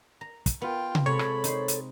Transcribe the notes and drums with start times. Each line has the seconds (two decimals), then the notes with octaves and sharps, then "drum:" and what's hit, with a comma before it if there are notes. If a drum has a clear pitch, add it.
0.21 A#5
0.46 drum: kick, hi-hat
0.62 B3 F4 G5
0.95 drum: tom C3
1.06 C3 G#3 A4 C#5 B5
1.19 drum: rim click
1.44 D#4 C5, drum: hi-hat
1.68 drum: hi-hat